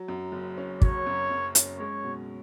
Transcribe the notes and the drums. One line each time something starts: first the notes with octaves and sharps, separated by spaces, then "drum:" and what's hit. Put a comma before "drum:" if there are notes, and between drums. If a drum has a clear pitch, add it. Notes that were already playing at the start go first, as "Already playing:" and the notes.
Already playing: F#3
F#2
F#1
C#4
F#3 C#5, drum: kick
F#2
F#1
C#4, drum: hi-hat
G#3 C#5
B2